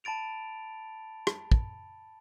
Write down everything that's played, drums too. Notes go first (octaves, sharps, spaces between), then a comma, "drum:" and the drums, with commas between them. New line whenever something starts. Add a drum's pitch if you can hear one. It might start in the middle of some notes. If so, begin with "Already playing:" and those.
A5 B5 A6 D7 F7
drum: rim click
drum: kick